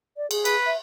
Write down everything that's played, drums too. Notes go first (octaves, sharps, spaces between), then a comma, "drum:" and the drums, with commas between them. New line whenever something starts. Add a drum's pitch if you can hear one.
D5
G#4, drum: cymbal
B4, drum: cymbal
E5